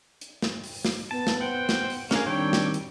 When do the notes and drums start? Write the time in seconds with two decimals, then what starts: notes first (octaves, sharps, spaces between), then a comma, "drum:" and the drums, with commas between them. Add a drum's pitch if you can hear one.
0.21 drum: hi-hat
0.42 drum: snare
0.64 drum: open hi-hat
0.85 drum: snare
1.11 B3 A5
1.27 drum: snare
1.41 C5 F#5 G5
1.69 drum: snare
1.90 drum: open hi-hat
2.11 A3 C#4 D4 G#4 A#4 F5, drum: snare
2.26 D#3 G3 C4 D4 C#5 G5
2.53 drum: snare
2.74 drum: hi-hat